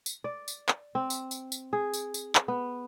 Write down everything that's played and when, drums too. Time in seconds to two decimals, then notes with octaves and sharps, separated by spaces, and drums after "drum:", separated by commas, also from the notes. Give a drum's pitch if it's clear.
0.06 drum: tambourine
0.24 D5
0.48 drum: tambourine
0.69 drum: clap
0.95 C4
1.10 drum: tambourine
1.31 drum: tambourine
1.52 drum: tambourine
1.73 G#4
1.94 drum: tambourine
2.14 drum: tambourine
2.35 drum: clap
2.48 B3